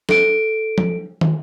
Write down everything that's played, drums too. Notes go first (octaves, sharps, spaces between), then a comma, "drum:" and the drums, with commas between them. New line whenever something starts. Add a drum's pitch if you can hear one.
A4 D7, drum: snare
drum: tom F3
drum: tom